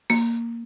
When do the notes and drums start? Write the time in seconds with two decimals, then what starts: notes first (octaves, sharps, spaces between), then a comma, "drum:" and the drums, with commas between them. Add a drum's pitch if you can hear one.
0.10 A#3, drum: open hi-hat